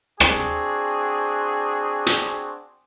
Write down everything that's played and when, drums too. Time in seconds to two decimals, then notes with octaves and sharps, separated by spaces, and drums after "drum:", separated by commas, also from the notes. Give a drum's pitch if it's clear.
0.20 C4 D4 F#4 G#4, drum: rim click
2.06 drum: hi-hat